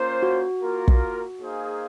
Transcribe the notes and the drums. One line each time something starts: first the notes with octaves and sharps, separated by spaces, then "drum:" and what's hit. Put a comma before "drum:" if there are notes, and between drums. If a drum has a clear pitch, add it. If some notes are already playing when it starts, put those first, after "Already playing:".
Already playing: A#3 C#4 F4 C5
F#4
A#3 F4 A#4
drum: kick
A#3 D#4 G#4 C5 F5